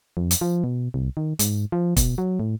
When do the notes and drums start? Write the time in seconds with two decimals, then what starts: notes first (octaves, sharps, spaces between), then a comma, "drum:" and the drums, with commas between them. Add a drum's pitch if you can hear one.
0.17 F2
0.31 drum: hi-hat
0.41 F3
0.64 B2
0.94 C2
1.17 D#3
1.39 G#2, drum: hi-hat
1.72 F3
1.97 B2, drum: kick, hi-hat
2.18 F#3
2.40 A2